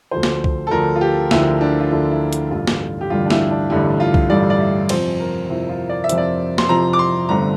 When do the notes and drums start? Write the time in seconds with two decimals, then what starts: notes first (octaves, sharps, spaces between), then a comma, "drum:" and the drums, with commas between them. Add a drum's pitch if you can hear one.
0.11 D2 D3 F3 C5
0.23 drum: snare
0.44 drum: kick C2
0.67 A4
0.71 D2 D3 F3 A#4
0.96 F4
1.01 G4
1.31 D2 D3 F3 E4, drum: snare
1.61 D4
1.80 F4
1.91 D2 D3 F3 E4
2.11 E4
2.33 drum: hi-hat
2.51 A1 G2 D3 G3 F4
2.67 drum: snare
3.01 G4
3.10 A1 G2 D3 G3 F4
3.26 D4
3.30 E4, drum: snare
3.51 D4
3.70 A1 G2 D3 G3 E4
4.00 F4
4.14 drum: kick C2
4.30 A1 G2 D3 G3 D5
4.50 D5
4.60 E5
4.89 F2 C3 F3 C4 C5, drum: cymbal
5.20 A#4
5.49 F2 C3 F3 C4 E4
5.69 F4
5.89 D5
6.04 E5
6.09 F2 C3 F3 C4, drum: hi-hat
6.18 D5
6.58 C6, drum: snare
6.69 F2 C3 F3 C4 A#5
6.93 D6
6.99 C6
7.29 G1 G2 D3 A3 C4 A#5